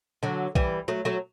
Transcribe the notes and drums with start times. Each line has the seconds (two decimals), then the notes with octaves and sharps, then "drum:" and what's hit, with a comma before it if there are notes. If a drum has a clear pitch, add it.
0.23 D3 F#3
0.55 E3 G3, drum: kick A#1
0.88 F#3 A3
1.05 F#3 A3